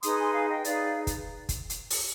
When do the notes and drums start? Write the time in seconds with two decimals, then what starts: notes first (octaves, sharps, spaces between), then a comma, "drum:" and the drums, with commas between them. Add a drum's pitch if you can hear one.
0.03 D#4 G#4 B4 C6 D#6, drum: hi-hat
0.18 G#5 C6
0.33 F5 G#5
0.49 D#5 G5
0.64 D#4 G#4 B4 D5 F5, drum: hi-hat
1.07 drum: kick, hi-hat
1.49 drum: kick, hi-hat
1.70 drum: hi-hat
1.91 drum: open hi-hat